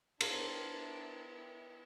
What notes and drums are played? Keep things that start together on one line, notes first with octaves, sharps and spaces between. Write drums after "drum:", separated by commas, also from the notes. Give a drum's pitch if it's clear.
B3 D4 E4 A#4 C5 F5 C6, drum: cymbal